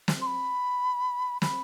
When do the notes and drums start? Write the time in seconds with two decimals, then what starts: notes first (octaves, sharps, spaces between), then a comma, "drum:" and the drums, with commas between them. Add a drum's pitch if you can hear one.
0.08 drum: snare
0.21 C6
0.26 B5
1.42 B5, drum: snare